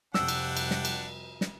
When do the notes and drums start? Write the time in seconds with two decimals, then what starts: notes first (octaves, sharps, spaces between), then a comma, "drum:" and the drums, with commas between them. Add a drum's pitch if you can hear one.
0.14 F2 C3 G3 D4 F#5 G5 E6, drum: snare
0.28 drum: cymbal
0.57 drum: cymbal
0.71 drum: snare
0.85 drum: cymbal
1.41 drum: snare